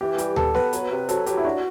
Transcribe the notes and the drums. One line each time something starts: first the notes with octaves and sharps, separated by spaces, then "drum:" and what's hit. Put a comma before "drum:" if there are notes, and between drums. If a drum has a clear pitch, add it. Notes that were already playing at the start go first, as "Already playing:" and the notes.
E3 G4
G3 G4, drum: hi-hat
B3 A4, drum: tom D2
B3 B4, drum: snare B3
F#3, drum: hi-hat
C3
F#3 A4, drum: hi-hat
F#3 G4, drum: hi-hat
E4
D4 F#4